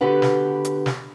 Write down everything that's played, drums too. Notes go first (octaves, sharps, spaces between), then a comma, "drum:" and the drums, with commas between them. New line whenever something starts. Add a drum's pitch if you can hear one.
D3 B3 F#4 G4 B4 F#5
drum: snare
drum: hi-hat
drum: snare